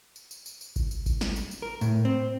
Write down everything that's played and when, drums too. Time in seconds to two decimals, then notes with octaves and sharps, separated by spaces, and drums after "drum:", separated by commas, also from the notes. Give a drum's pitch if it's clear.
0.16 drum: tambourine
0.31 drum: tambourine
0.46 drum: tambourine
0.61 drum: tambourine
0.76 drum: kick G#1, tambourine
0.91 drum: tambourine
1.06 drum: kick G#1, tambourine
1.21 drum: snare
1.36 drum: tambourine
1.51 drum: tambourine
1.62 A#4
1.81 A2, drum: tambourine
2.05 C4